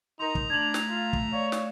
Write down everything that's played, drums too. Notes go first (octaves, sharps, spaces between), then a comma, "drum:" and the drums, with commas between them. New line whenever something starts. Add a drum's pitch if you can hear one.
D#4 A#4 A#5 C6
drum: kick
A3 D4 G#6 F7 F#7
drum: snare
F4
drum: kick
C#5 D5 F5
drum: snare